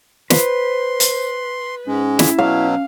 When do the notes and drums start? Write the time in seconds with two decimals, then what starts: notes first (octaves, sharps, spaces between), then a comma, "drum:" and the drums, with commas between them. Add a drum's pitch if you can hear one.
0.30 B4 C5 C6, drum: snare
1.00 drum: hi-hat
1.87 G#2 G#3 C#4
2.19 E4, drum: snare
2.38 B2 F#3 F5